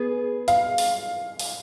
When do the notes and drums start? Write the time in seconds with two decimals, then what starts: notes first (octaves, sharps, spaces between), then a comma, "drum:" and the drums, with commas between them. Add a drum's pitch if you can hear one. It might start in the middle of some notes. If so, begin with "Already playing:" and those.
Already playing: B3 G#4
0.48 F5, drum: hi-hat
0.78 drum: open hi-hat
1.39 drum: open hi-hat